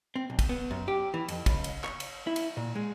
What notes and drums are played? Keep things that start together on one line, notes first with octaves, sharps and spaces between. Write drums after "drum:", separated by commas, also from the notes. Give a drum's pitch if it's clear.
C4
B1
drum: kick, cymbal
B3
F#2
G4
E3
F2, drum: cymbal
C#2, drum: kick, cymbal
drum: cymbal
C#5, drum: clap
drum: cymbal
E4
drum: cymbal
A#2
G#3